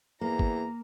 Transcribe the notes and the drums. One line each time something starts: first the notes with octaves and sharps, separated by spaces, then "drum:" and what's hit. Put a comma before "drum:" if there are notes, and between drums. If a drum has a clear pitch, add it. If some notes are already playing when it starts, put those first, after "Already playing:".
E2 A#3 A#5
drum: kick G1